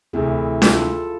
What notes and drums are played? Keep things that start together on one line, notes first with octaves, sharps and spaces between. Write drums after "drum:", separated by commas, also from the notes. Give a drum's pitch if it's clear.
D2 C3 E3 E4 G#4
F4 A4, drum: snare D4